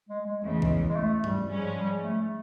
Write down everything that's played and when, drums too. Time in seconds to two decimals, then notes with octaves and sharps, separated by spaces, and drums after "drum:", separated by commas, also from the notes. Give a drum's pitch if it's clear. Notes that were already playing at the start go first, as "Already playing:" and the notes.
0.09 G#3
0.27 G#3
0.44 E2 C#3 E3 A3
0.62 G#3, drum: kick
0.90 G#3
0.96 A3
1.24 G3, drum: tom G2
1.49 G#2 F3 G3 G#3 C#4
1.76 G3
2.03 A3